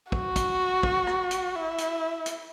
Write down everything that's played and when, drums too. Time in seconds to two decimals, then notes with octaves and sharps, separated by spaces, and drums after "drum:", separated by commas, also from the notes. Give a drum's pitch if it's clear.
0.12 F#4, drum: kick
0.36 drum: kick, hi-hat
0.83 drum: kick
1.07 drum: rim click
1.31 drum: hi-hat
1.55 E4
1.78 drum: hi-hat
2.26 drum: hi-hat